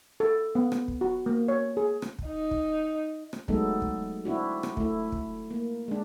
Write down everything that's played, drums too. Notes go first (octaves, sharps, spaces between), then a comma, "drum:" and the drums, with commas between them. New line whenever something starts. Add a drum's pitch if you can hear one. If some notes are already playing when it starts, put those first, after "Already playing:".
A4
B3
drum: rim click
drum: kick
F#4
A#3
C#5
G#4
drum: rim click
drum: kick
D#4
drum: kick
drum: rim click
F#3 G#3 A3 B3 D#4 A4, drum: kick
drum: kick
C4 D4 E4 F#4
drum: rim click
A3 E4, drum: kick
drum: kick
A#3
G#3 D4